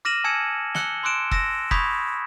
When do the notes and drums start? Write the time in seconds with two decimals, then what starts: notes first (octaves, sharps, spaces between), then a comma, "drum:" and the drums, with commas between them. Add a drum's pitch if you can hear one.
0.05 D6 F6 A#6 D#7 E7 F#7
0.24 G#5 A5 E6 G#6 C#7 E7
0.75 E6 F#6 C#7 F#7 G7, drum: snare
1.03 C6 D6 E6 F#6 D7 E7
1.31 E6 A#6 E7, drum: kick F#1
1.71 B5 C#6 D#6 G6 G#6 B6, drum: kick F#1